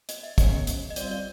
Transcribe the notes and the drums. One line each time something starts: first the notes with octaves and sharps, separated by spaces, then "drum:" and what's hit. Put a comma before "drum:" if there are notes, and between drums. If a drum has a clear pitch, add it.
D#5, drum: hi-hat
E5
B2 G#3 C#4 D#5, drum: kick, hi-hat
drum: hi-hat
D#5
G3 C4 F4 D5, drum: hi-hat
D5